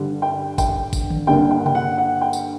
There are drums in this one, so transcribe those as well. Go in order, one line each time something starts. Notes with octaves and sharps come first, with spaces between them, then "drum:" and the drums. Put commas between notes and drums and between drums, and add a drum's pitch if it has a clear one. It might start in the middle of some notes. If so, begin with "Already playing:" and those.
Already playing: G2 D3 G3
G5
G5, drum: kick G#1, tambourine
drum: kick G#1, tambourine
drum: tom D3
G2 D3 G3 A#3 G5
G5
F#5
G5, drum: tom C3
F#5
F#5
G5
drum: tambourine